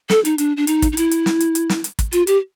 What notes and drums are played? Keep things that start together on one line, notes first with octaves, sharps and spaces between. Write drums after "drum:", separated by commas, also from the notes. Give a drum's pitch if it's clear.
A4, drum: snare
D#4, drum: hi-hat
D4, drum: hi-hat
D4
D#4, drum: hi-hat
drum: kick, hi-hat
D#4
E4, drum: hi-hat
drum: hi-hat
drum: snare
drum: hi-hat
drum: hi-hat
drum: snare
drum: hi-hat
drum: kick, hi-hat
F4, drum: hi-hat
G4, drum: hi-hat